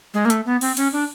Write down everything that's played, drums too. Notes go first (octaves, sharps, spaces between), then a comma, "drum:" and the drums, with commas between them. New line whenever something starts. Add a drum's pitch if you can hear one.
G#3
A#3
A3, drum: hi-hat
B3
C4, drum: cymbal
C#4, drum: hi-hat
D4